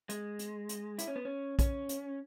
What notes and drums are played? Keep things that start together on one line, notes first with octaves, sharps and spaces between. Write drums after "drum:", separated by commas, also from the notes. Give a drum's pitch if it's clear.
G#3, drum: hi-hat
drum: hi-hat
drum: hi-hat
E4, drum: hi-hat
C#4
B3
C#4
C#4, drum: kick A#1, hi-hat
drum: hi-hat